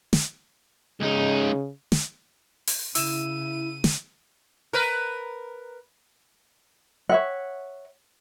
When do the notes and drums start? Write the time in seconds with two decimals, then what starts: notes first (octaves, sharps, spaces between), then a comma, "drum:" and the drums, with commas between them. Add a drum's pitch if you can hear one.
0.13 drum: snare
1.01 C#2 C#3 D#4
1.92 drum: snare
2.67 drum: open hi-hat
2.95 C#3 E4 E6 D#7 E7, drum: open hi-hat
3.84 drum: snare
4.73 A#4 B4
7.09 C#5 E5 F#5